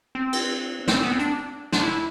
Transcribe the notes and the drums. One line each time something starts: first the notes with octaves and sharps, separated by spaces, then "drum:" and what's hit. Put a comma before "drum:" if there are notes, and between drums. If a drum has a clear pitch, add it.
C4
drum: cymbal
C4, drum: snare
B3
C4
D4, drum: hi-hat
D4, drum: snare
E4